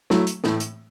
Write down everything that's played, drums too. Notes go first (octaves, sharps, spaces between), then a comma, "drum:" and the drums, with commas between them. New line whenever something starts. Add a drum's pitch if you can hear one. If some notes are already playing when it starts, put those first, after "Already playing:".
F#3 A3 E4, drum: snare
drum: hi-hat
A2 E3 A3, drum: snare
drum: hi-hat